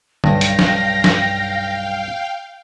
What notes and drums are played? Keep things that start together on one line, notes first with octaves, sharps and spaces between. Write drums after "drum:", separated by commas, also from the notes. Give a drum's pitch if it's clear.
B1 G2 F5 G5 A#6, drum: tom
drum: hi-hat
drum: snare
drum: snare